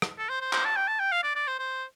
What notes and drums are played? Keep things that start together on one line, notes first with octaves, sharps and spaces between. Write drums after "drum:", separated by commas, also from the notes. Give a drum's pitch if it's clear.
drum: rim click
A4
C5
C5
C5, drum: clap
A5
G5
A5
G5
F5
D5
D5
C5
C5